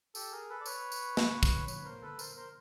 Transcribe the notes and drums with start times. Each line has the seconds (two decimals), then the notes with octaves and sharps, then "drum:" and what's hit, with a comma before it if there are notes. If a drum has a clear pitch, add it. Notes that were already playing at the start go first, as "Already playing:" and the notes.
0.15 G4 A4, drum: tambourine
0.32 G#4 A#4
0.49 A4 B4
0.60 D5
0.66 B4 C#5, drum: tambourine
0.92 drum: tambourine
1.17 drum: snare
1.43 drum: kick, tambourine
1.68 B4 C#5, drum: tambourine
1.85 A#4 C5
2.02 A4 B4
2.19 A#4 C5, drum: tambourine
2.36 A#4 C5